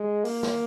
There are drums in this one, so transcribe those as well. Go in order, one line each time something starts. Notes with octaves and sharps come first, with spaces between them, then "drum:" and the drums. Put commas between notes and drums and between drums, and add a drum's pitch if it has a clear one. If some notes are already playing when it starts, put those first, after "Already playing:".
Already playing: G#3
A#3, drum: open hi-hat
drum: snare